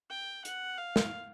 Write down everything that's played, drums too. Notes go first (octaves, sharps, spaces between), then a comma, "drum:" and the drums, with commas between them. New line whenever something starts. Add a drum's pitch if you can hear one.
G5
F#5, drum: hi-hat
F5
drum: snare